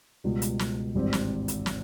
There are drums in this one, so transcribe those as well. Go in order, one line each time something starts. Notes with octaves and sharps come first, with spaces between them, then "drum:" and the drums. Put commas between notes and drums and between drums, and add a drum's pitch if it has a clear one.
C#2 B2 G3
drum: hi-hat
drum: snare
G#1 G2 E3 G3 C4
drum: snare
drum: hi-hat
drum: snare